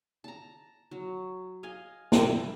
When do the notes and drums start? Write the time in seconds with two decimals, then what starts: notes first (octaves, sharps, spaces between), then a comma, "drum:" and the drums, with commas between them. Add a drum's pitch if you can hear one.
0.24 A5 A#5
0.91 F#3
1.63 D#5 F5 G#5
2.12 A#4 B4 E5 A#5, drum: snare